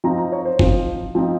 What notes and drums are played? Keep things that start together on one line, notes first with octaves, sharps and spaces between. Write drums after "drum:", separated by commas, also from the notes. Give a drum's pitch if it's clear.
F3 C4 D#4 A#5
A#5
C#5
C5
F3 C4 D#4, drum: kick
F3 C4 D#4